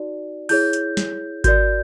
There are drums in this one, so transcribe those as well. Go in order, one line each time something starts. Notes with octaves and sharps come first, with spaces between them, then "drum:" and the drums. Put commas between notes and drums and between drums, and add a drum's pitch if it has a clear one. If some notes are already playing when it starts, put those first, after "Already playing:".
Already playing: D#4 F#4 D5
E4 G#4 C#5 G6, drum: open hi-hat
drum: hi-hat
drum: snare
F#4 A#4 D5 G6, drum: kick G#1, hi-hat